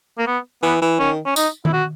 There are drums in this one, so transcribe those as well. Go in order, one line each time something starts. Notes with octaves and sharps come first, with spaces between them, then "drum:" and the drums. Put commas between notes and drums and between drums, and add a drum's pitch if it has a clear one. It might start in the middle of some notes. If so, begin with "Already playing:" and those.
A#3
B3
E3 B3
E3
D#3 C#4
C#4
D#4, drum: tambourine
E4, drum: tom D#3
F#4